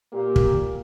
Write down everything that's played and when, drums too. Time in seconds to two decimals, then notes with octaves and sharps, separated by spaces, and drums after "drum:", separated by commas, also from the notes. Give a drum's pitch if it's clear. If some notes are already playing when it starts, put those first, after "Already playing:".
0.13 A#2 A#3 G4
0.36 drum: kick